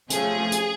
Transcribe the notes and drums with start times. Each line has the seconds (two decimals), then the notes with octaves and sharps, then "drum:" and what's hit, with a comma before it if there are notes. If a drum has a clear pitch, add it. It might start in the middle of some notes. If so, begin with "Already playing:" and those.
0.10 C3 F3 A3 C#4 G#4, drum: hi-hat
0.52 drum: hi-hat